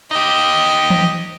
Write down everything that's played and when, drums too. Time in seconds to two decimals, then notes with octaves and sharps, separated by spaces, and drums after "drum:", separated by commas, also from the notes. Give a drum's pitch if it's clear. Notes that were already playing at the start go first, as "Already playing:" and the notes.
0.11 D#4 G4 D#5
0.90 drum: tom E3